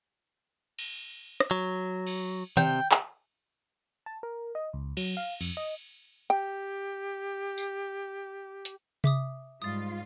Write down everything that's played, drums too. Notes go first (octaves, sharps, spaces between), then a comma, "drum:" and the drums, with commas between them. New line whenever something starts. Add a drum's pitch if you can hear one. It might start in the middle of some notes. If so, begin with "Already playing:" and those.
drum: cymbal
drum: rim click
F#3
drum: cymbal
C3 G5, drum: tom D#3
drum: clap
A5
A#4
D#5
C#2
F#3, drum: cymbal
F5
F2, drum: cymbal
D#5
G4 G5
drum: tambourine
drum: hi-hat
E5 D6 D#6, drum: tom C3
G#2 G3 F4 D#6 A6